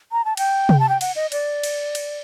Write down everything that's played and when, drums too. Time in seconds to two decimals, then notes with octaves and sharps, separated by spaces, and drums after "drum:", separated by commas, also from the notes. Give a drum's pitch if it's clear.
0.12 A#5
0.25 A5
0.37 G5, drum: cymbal
0.69 drum: tom C3
0.80 A5
0.89 G5
1.01 F#5, drum: cymbal
1.16 D#5
1.32 D5, drum: cymbal
1.63 drum: cymbal
1.95 drum: cymbal